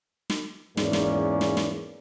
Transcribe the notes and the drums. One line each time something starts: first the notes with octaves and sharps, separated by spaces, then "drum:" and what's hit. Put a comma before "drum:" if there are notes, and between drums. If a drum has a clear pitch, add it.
drum: snare
E2 G#2 A#3 C#4 G#4 D5, drum: snare
drum: snare
drum: snare
drum: snare